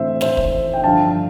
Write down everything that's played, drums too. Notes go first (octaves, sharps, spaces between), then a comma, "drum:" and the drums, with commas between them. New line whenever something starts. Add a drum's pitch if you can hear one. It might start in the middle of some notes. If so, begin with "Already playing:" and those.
Already playing: A2 E3 A3 C4 C5 E5
C5 E5, drum: snare
drum: kick
G5
G2 D3 F3 F5 A5